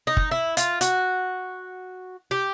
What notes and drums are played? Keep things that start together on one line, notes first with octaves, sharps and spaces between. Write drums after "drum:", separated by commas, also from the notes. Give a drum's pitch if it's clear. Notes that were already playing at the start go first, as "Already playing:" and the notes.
D#4
drum: kick
E4
F4, drum: hi-hat
F#4, drum: hi-hat
G4